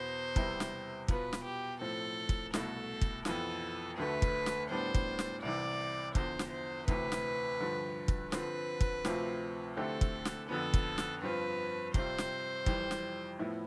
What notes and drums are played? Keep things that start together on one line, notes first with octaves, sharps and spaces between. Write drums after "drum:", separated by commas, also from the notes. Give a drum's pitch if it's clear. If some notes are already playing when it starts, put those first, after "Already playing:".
Already playing: E2 B2 B3 C5
E2 C3 G3 B3 E4, drum: kick
drum: snare
B2 B3 F4 B4, drum: kick
drum: snare
G4
A2 F3 C4 A4
drum: kick
C2 B2 A3 E4 A4, drum: snare
drum: kick
F2 E3 B3 F4 A4, drum: snare
D2 D3 A3 B4
drum: kick
drum: snare
A2 G3 B3 D4 C5
drum: kick
drum: snare
C2 C3 E3 D5
E2 D3 F3 C5, drum: kick
drum: snare
C5
D2 C3 E3 B4, drum: kick
drum: snare
G2 D3 F3
drum: kick
D3 F3 C4 B4, drum: snare
drum: kick
D2 C3 F3 C4 F4, drum: snare
D3 A3 C4 E4 G4 A4
drum: kick
drum: snare
F2 D3 F3 B3 A4
drum: kick
drum: snare
G2 F3 C4 F4 B4
C3 G3 C4 F4 C5, drum: kick
drum: snare
F2 E3 G3, drum: kick
drum: snare
A2 F3 B3 E4